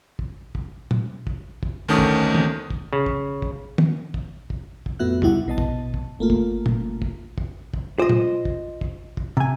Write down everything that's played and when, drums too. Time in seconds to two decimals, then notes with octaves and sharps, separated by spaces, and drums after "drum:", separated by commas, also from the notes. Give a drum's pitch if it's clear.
0.19 drum: kick
0.55 drum: kick
0.91 drum: tom
1.27 drum: kick
1.63 drum: kick
1.88 D2 D#3 A3 C#4 A5 D#6
1.99 drum: kick
2.35 drum: tom
2.70 drum: kick
2.93 C#3
3.06 drum: kick
3.42 drum: kick
3.78 drum: tom
4.14 drum: kick
4.50 drum: kick
4.86 drum: kick
4.99 F2 A2 B3 F#4 E5 F#6
5.22 C#2 G3 E4 F#5, drum: tom
5.46 A#1 B2 D#5 A5
5.58 drum: kick
5.94 drum: kick
6.19 G1 A3 A#3 F4
6.30 drum: kick
6.66 drum: tom
7.02 drum: kick
7.38 drum: kick
7.74 drum: kick
7.99 F4 C5 D#5
8.09 drum: tom
8.45 drum: kick
8.81 drum: kick
9.17 drum: kick
9.37 C3 G#5 A#5